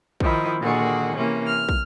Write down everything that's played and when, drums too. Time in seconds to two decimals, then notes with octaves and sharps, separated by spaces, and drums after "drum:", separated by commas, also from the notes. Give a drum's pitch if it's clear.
0.20 D#3 F3 D#4 E4, drum: kick
0.59 A#2 D3 D#3 F#4 G#4
1.16 C3 E3 A#3 C#4
1.45 F6
1.69 drum: kick